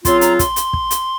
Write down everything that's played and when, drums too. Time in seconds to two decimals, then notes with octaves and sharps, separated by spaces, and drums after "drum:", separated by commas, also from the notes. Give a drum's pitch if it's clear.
0.05 C#3 F#3 C4 F4 C6, drum: kick, hi-hat
0.21 A#5, drum: hi-hat
0.39 C6, drum: kick, hi-hat
0.56 drum: hi-hat
0.73 drum: kick
0.91 drum: hi-hat